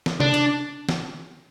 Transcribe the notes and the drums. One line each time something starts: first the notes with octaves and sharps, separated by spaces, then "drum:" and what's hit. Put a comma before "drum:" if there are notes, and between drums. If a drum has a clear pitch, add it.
drum: snare
D4, drum: tom C3
drum: hi-hat
drum: snare